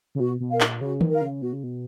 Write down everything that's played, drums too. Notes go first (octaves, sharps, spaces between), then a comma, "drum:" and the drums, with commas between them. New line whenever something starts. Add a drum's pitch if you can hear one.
C#3
B2 F#4
B2
A#4 F5
A#2, drum: clap
C#3 F#4
D#3, drum: tom D#3
A#4 F5
C#3
B2 F#4
C#3
B2